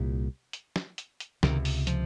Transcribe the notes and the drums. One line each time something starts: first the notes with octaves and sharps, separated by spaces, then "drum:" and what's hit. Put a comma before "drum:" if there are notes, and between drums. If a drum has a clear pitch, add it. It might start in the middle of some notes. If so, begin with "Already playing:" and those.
Already playing: C2 A#2
drum: hi-hat
drum: snare
drum: hi-hat
drum: hi-hat
C#2 C3 D#3, drum: snare
drum: open hi-hat
F3, drum: hi-hat